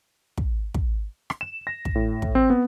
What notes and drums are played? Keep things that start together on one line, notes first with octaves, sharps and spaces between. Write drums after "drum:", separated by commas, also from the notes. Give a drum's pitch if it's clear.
drum: kick
drum: kick
drum: rim click
E7
A#6
drum: kick
A2
drum: kick
C4
B3